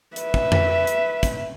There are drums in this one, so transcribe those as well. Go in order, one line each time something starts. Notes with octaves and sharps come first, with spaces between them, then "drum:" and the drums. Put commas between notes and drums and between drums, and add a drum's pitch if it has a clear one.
B4 E5, drum: hi-hat
drum: kick
drum: tom F2
drum: hi-hat
drum: kick, hi-hat